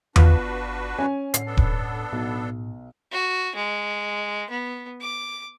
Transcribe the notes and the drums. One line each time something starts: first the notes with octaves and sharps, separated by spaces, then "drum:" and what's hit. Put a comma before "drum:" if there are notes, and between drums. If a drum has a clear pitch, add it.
G1 B3 D4 F4 F#4 B4, drum: tom E2
C#4 G#5
A2 D3 C7, drum: hi-hat
B3 D4 A4
drum: kick D#1
B1 A2
F#4
G#3
B3
D6